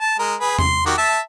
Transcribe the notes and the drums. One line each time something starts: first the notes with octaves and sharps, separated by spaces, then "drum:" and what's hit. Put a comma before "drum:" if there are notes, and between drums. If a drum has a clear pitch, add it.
A5
G#3 A#4
G#4 B4
C6, drum: tom E2
D#3 F#4 G4
E5 A5